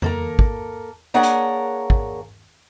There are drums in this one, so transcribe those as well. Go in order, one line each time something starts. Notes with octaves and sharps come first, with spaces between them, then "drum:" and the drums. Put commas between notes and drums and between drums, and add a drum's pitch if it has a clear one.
A#3 A4 A#4, drum: tom F2
drum: kick
A#3 D4 G#4 A#4 C#5 F#5
drum: hi-hat
drum: kick